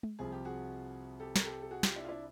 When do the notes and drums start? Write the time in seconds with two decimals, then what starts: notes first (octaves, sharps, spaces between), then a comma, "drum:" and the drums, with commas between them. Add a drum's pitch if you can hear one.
0.03 drum: tom G#3
0.19 C2 C3 F3 G#4
0.32 G4
0.45 F#4 G#4
1.20 G4 A4
1.36 A#4, drum: snare
1.45 G4 A4
1.62 A4
1.71 F#4 G#4
1.83 F4 G4, drum: snare
1.96 D4 E4
2.04 F4
2.09 D4 E4